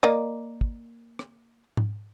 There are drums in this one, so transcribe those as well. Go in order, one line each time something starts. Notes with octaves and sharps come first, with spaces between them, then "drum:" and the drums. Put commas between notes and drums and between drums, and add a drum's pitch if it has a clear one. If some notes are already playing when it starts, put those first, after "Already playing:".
A#3 D5 D#5
drum: kick
drum: rim click
drum: tom G#2